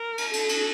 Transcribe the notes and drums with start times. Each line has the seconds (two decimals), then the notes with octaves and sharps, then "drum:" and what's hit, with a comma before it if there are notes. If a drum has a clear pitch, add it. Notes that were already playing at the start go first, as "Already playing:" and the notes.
Already playing: A#4
0.18 drum: cymbal
0.33 A4, drum: cymbal
0.49 drum: cymbal